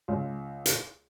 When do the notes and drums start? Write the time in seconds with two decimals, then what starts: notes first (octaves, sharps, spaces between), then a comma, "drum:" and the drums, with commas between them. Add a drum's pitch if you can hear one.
0.08 C#2
0.66 drum: hi-hat